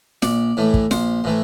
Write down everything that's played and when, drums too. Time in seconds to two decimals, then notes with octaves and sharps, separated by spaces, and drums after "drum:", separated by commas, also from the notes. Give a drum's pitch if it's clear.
0.22 A#1 D5, drum: snare
0.57 A2 E3 A3
0.74 drum: kick
0.91 A#1 C5, drum: snare
1.24 A2 E3 A3